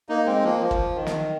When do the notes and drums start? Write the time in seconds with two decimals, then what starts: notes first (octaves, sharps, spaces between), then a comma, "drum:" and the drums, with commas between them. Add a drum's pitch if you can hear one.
0.09 A#3 D#4
0.26 G#3 C4
0.44 F3 A#3
0.61 F3
0.71 drum: kick
0.96 D#3
1.07 drum: snare